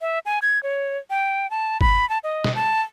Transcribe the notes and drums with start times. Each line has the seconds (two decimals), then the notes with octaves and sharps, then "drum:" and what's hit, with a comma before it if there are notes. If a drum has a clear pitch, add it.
0.01 E5
0.26 G#5
0.42 G#6
0.63 C#5
1.10 G5
1.50 A5
1.81 B5, drum: kick G1
2.09 A5
2.24 D#5
2.44 drum: snare
2.55 A5